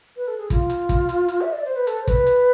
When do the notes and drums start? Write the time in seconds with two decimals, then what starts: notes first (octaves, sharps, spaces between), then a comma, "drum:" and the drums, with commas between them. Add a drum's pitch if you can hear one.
0.16 B4
0.28 A4
0.39 G#4
0.50 F4, drum: kick, hi-hat
0.70 drum: hi-hat
0.89 drum: kick, hi-hat
1.09 drum: hi-hat
1.28 drum: hi-hat
1.41 E5
1.53 D5
1.64 C5
1.76 B4
1.87 A4, drum: hi-hat
2.02 C5
2.07 B4, drum: kick, hi-hat
2.27 drum: hi-hat